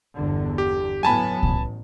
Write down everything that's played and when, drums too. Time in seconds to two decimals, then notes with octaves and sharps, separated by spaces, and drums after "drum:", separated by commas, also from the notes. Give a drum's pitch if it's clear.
0.15 G1 E2 D3
0.58 G4
1.03 A2 F#3 B3 G#5 A5 B5
1.43 A1, drum: kick C2